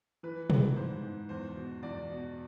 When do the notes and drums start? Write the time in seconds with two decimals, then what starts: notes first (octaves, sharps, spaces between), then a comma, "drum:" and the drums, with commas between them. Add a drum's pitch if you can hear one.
0.23 E3 B4
0.50 E3, drum: tom
0.76 G#2 C5
1.03 G#2
1.29 E2 C5
1.56 B2
1.83 E2 D5
2.09 B2